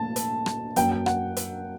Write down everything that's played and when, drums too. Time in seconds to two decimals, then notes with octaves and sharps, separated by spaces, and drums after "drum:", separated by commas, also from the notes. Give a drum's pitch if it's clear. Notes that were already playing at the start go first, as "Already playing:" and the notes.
Already playing: A#2 A3 A5
0.16 drum: hi-hat
0.46 drum: rim click
0.76 F#2 F#3 A#3 G5, drum: hi-hat
0.91 G5
1.06 F#5, drum: rim click
1.37 drum: hi-hat